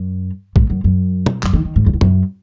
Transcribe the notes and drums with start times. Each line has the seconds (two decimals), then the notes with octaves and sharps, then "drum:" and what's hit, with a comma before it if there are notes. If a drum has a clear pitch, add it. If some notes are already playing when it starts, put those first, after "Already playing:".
Already playing: F#2
0.56 G#2, drum: kick A#1
0.70 F#2
0.84 F#2
1.26 drum: tom
1.43 F#2, drum: clap
1.53 D#3
1.65 D#3
1.76 G#2
1.86 F#2
1.93 E2
2.01 F#2, drum: tom